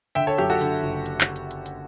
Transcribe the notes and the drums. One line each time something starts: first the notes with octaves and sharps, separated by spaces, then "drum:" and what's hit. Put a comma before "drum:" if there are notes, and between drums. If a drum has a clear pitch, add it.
D3 E5 G5, drum: hi-hat
A4 C#5
F#2 G4
F#4 A4
D3, drum: hi-hat
F#1
drum: hi-hat
drum: clap
drum: hi-hat
drum: hi-hat
drum: hi-hat